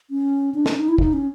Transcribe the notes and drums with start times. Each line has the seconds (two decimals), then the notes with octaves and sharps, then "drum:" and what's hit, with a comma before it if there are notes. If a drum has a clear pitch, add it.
0.10 C#4
0.54 D4
0.66 C#4, drum: snare
0.77 D#4
0.89 E4
0.98 D#4, drum: kick
1.13 C#4